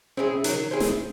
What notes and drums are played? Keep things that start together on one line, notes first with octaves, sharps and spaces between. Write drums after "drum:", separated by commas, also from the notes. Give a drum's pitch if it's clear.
C#3 C4 E4 G#4
C#3
D#3 F#3, drum: hi-hat
C4 E4 G#4
drum: snare